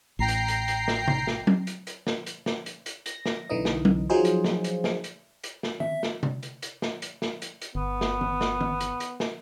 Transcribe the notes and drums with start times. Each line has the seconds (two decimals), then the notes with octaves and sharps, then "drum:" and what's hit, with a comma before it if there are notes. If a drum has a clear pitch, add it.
0.19 A1 G5 A#5 C7
0.28 drum: hi-hat
0.48 drum: hi-hat
0.68 drum: hi-hat
0.88 drum: snare
1.08 drum: tom C3
1.27 drum: snare
1.47 drum: tom F#3
1.67 drum: hi-hat
1.87 drum: hi-hat
2.07 drum: snare
2.26 drum: hi-hat
2.46 drum: snare
2.66 drum: hi-hat
2.86 drum: hi-hat
3.06 A#6, drum: hi-hat
3.26 drum: snare
3.49 B1 D3 E3 D#4 D#5
3.65 drum: snare
3.85 drum: tom F#3
4.10 F3 F#3 D#4 F4 G#4 C5
4.25 drum: hi-hat
4.44 drum: snare
4.64 drum: hi-hat
4.84 drum: snare
5.04 drum: hi-hat
5.44 drum: hi-hat
5.63 drum: snare
5.80 E5, drum: tom D#3
6.03 drum: snare
6.23 drum: tom C3
6.43 drum: hi-hat
6.62 drum: hi-hat
6.82 drum: snare
7.02 drum: hi-hat
7.22 drum: snare
7.42 drum: hi-hat
7.62 drum: hi-hat
7.75 G1 B3
8.01 drum: snare
8.21 drum: tom D#3
8.41 drum: snare
8.61 drum: tom D#3
8.80 drum: hi-hat
9.00 drum: hi-hat
9.20 drum: snare